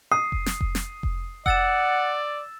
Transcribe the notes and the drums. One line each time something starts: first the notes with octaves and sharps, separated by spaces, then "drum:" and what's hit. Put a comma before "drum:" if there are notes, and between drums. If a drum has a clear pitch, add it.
D#6 C7
drum: kick F1
drum: snare
drum: kick F1
drum: snare
drum: kick F1
D5 F#5 E6 A6 E7, drum: kick F1